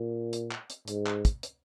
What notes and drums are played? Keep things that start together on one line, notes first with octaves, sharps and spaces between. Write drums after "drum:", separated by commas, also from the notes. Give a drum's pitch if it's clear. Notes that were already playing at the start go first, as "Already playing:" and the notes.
Already playing: A#2
drum: hi-hat
drum: clap
drum: hi-hat
G#2, drum: hi-hat
drum: clap
drum: kick, hi-hat
drum: hi-hat